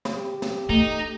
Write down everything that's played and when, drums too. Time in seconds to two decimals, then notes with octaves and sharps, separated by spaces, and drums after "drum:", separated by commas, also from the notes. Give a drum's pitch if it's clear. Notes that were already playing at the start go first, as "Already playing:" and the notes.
0.05 drum: snare
0.17 G4
0.42 drum: snare
0.69 A3 D#4